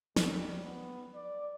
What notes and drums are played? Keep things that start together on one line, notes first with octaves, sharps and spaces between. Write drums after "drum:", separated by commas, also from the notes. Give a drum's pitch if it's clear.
G3, drum: snare
B3
D5